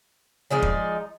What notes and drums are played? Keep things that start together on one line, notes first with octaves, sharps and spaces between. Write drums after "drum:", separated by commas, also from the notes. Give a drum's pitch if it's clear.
F3 G#3 D#4 D5
drum: kick